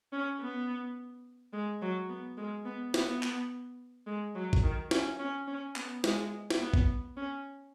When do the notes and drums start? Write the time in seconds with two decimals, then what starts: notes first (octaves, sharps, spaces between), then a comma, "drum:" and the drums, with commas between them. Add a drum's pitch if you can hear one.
0.12 C#4
0.40 B3
1.53 G#3
1.82 F#3
2.09 B3
2.38 G#3
2.65 B3
2.94 B3, drum: snare
3.23 drum: clap
4.07 G#3
4.35 F#3
4.53 drum: kick A1
4.63 D#3
4.91 C#4, drum: snare
5.19 C#4
5.47 C#4
5.76 B3, drum: clap
6.04 G#3, drum: snare
6.50 drum: snare
6.61 B3
6.74 drum: kick A1
7.17 C#4